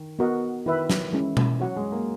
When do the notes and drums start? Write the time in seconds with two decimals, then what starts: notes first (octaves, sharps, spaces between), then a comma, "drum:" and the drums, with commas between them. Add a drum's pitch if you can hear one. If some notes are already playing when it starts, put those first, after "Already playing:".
Already playing: D#3
0.19 B3 F#4 A#4 D#5 F#5
0.66 D#3 E4 B4 E5
0.90 drum: snare
1.13 E3 G#3 C#4 E4
1.37 drum: tom B2
1.60 F#3 F#4 C#5 F#5
1.76 G#3
1.92 A#3